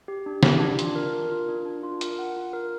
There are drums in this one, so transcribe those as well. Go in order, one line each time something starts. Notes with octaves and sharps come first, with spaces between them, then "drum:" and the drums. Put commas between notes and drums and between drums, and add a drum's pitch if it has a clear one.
G4
D4
G4, drum: snare
D4
F4, drum: hi-hat
A#4
A#4
F4
D4
D4
F4
A#4, drum: hi-hat
F#5
F4
A#4